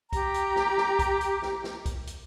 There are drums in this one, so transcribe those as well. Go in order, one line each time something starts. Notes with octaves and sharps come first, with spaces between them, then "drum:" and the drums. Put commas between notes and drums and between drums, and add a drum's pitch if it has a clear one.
G4 A#5, drum: kick B1, hi-hat
drum: hi-hat
drum: snare
drum: snare
drum: kick B1, hi-hat
drum: hi-hat
drum: snare
drum: snare
drum: kick B1, hi-hat
drum: hi-hat